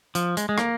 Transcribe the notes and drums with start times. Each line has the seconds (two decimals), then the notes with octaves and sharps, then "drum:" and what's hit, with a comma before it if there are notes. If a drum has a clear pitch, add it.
0.15 F3, drum: hi-hat
0.37 G#3, drum: hi-hat
0.49 G#3
0.58 A#3, drum: rim click